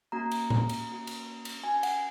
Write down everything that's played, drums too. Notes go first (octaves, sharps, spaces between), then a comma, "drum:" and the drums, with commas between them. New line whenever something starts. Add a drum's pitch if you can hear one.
A#3 C#4 F#4 A#5
drum: cymbal
drum: tom A2
drum: cymbal
A#3 C#4 F#4
drum: cymbal
drum: cymbal
C#4 F#4 G#5
F#5, drum: cymbal